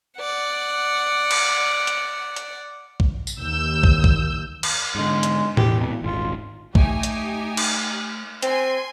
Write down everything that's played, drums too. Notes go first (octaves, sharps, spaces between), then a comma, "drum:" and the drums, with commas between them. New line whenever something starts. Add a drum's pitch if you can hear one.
D5 F#5
drum: cymbal
drum: hi-hat
drum: hi-hat
drum: kick
drum: tambourine
D#2 E6 G6
drum: kick
drum: kick
drum: cymbal
G#2 D3 G#3
drum: hi-hat
E2 B2 E3 G4, drum: tom A2
F2
D#1 G#1 F4
A3 D#4 G4 G#5, drum: kick
drum: hi-hat
drum: cymbal
C4 G#5 C6, drum: hi-hat